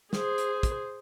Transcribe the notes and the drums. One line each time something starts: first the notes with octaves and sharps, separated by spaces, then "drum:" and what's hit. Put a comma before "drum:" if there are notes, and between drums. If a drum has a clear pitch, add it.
G#4 C5, drum: snare
drum: hi-hat
drum: kick, hi-hat